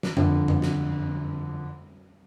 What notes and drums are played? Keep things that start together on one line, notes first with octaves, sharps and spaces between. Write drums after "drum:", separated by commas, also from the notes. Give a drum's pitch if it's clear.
drum: snare
F2 D3, drum: tom F2
drum: tom F2
drum: snare